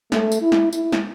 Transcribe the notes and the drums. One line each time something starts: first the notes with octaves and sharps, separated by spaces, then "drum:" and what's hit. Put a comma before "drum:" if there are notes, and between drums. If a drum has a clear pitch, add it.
A3, drum: snare
drum: tambourine
E4
drum: snare
E4, drum: tambourine
drum: snare